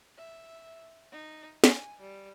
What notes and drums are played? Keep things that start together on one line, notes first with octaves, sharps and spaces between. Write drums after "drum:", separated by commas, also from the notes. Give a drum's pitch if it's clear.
E5
D#4
G#5, drum: snare
G3